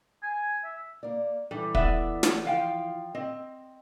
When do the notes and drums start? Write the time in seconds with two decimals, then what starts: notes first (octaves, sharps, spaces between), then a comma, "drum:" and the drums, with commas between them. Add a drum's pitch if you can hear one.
0.23 G#5
0.64 E5
1.03 A#3 D5
1.51 E3 G3 A4
1.75 B3 D5 E5, drum: kick
2.23 drum: snare
2.45 F3 F5 G5
3.15 C4 D#5